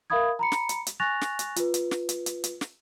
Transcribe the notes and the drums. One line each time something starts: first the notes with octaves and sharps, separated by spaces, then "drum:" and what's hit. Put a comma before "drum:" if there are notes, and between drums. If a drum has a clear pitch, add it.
A#4 E5 F5 B5 D#6 G#6
A#5 B5 C#7
drum: snare
drum: hi-hat
drum: hi-hat
G#5 C#6 F#6 A6 A#6 F7
drum: snare
drum: hi-hat
F4 B4, drum: hi-hat
drum: hi-hat
drum: snare
drum: hi-hat
drum: hi-hat
drum: hi-hat
drum: snare